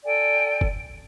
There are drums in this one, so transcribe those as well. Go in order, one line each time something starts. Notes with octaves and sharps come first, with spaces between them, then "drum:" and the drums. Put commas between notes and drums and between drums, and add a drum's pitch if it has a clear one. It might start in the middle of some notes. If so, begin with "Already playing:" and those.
A4 D5 G5 G#5
drum: kick F#1